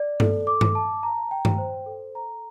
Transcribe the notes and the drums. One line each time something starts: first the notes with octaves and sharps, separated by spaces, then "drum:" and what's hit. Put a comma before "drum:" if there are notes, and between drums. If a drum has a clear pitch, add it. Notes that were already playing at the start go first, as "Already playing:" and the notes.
Already playing: D5
A4, drum: tom G2
D6
drum: tom G2
A5
A#5
G5
drum: tom G2
C5
A4
A#5